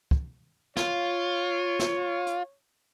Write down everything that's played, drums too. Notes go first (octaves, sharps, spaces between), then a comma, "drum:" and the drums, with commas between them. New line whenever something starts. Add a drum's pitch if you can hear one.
drum: kick
F4 C#5, drum: snare
drum: snare
drum: hi-hat